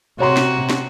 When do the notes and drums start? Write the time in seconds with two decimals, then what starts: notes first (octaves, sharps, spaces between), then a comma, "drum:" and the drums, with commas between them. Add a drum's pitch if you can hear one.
0.20 C3 F#4 C#5 A#5 C6
0.37 drum: snare
0.70 drum: snare